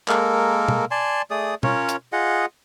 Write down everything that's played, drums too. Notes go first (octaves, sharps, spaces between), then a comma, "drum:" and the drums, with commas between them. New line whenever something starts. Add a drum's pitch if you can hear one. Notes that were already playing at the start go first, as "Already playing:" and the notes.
G#3 A#3 A4 A#4, drum: clap
drum: tom B2
D5 G#5 A5 C6
A3 G#4 D5 D#6
C#4 F4 A#4 C#5, drum: tom B2
drum: hi-hat
F4 G#4 D#5 F#5